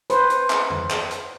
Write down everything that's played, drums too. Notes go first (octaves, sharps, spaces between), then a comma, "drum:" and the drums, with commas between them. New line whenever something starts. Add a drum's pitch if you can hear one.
B4 C5, drum: hi-hat
drum: hi-hat
drum: clap
drum: tom F2
drum: clap
drum: hi-hat